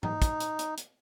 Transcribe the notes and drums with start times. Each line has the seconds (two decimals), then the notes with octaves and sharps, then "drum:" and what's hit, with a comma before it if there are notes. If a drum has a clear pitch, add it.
0.03 D#4, drum: tom G#2
0.22 drum: kick, hi-hat
0.40 drum: hi-hat
0.59 drum: hi-hat
0.77 drum: hi-hat